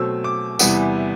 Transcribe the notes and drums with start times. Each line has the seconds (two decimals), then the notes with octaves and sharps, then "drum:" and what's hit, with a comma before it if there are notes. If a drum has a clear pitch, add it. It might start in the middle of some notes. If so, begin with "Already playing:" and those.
Already playing: B2 F#3 A3 C4 E6
0.24 D6
0.59 E2 C3 E3 G3 B3, drum: tambourine